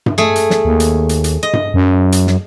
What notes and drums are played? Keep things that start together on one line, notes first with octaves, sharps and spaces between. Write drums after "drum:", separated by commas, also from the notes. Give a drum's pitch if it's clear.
drum: tom G2
A3 G#4
drum: hi-hat
drum: snare
D#2
drum: hi-hat
drum: hi-hat
drum: hi-hat
D#5
drum: tom G2
F#2
drum: hi-hat
drum: snare